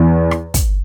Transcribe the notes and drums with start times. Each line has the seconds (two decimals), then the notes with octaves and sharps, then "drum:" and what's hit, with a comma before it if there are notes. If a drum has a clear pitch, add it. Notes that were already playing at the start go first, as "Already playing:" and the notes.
Already playing: E2
0.31 drum: rim click
0.54 drum: kick, hi-hat